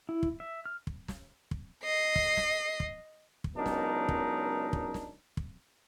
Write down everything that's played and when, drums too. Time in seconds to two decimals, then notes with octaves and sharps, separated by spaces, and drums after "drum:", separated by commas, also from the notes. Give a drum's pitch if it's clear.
0.09 E4
0.23 drum: kick
0.40 E5
0.66 F6
0.87 drum: kick
1.08 drum: snare
1.51 drum: kick
1.84 D#5 C7
2.16 drum: kick
2.37 drum: snare
2.80 drum: kick
3.44 drum: kick
3.56 C#2 F#2 B3 D4 D#4 A#4
3.66 drum: snare
4.09 drum: kick
4.73 drum: kick
4.94 drum: snare
5.37 drum: kick